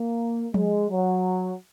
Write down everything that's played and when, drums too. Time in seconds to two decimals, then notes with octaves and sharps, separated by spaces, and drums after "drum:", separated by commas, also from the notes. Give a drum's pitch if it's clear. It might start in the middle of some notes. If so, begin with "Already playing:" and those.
Already playing: A#3
0.54 G#3, drum: tom F3
0.90 F#3